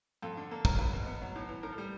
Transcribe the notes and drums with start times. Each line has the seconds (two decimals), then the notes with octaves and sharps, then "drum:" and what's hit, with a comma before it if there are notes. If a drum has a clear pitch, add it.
0.22 F2 A4
0.37 D3
0.51 A#3 A4
0.65 F#3 A#4, drum: kick
0.79 E2 B4
0.93 B2
1.07 B3
1.22 F#3
1.36 A2
1.49 E3
1.63 A2 A#4
1.72 A4
1.78 G3